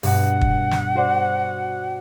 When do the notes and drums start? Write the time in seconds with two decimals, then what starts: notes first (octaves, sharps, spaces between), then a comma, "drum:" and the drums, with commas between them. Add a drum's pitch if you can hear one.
0.03 G2 B2 F#5, drum: open hi-hat
0.41 drum: kick
0.71 drum: snare
0.95 F#4 C5 D5